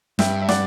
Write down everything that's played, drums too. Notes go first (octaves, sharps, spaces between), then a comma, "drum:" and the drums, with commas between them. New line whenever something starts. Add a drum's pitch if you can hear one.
G2 E5 G5, drum: snare
E5
D5 F#5, drum: snare